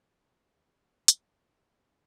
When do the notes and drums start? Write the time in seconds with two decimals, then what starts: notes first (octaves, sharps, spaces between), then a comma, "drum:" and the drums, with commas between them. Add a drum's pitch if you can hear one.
0.23 G#3 D#4 G4
0.58 C#5 B5
1.08 E3 E5 G#5, drum: hi-hat
1.40 G4 C#5
1.73 E4 F5